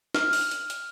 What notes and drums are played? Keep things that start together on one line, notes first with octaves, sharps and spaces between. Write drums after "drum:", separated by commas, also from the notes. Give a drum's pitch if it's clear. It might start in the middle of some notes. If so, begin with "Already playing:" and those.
F6, drum: snare
drum: open hi-hat
drum: hi-hat
drum: hi-hat